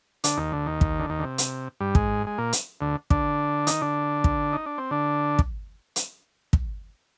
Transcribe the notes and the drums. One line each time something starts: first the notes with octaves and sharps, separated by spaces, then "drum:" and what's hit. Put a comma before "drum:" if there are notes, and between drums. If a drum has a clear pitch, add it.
D3 D4, drum: hi-hat
D#2 D#3
D2 D3
D#2 D#3
drum: kick
D3
D#2 D#3
D3
C3
drum: hi-hat
G2 G3
G#2 G#3, drum: kick
G#3
A#2 A#3
drum: hi-hat
D2 D3
D3 D4, drum: kick
D#3 D#4, drum: hi-hat
D3 D4
drum: kick
D#4
D4
C4
D3 D4
drum: kick
drum: hi-hat
drum: kick